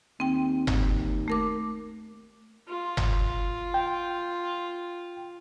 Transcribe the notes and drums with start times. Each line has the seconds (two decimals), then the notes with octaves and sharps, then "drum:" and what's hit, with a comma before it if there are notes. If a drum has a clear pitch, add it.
0.20 D#2 C4 G5
0.67 drum: tom G1
1.28 A3 A#4 D6
2.68 F4
2.97 drum: tom G1
3.74 G5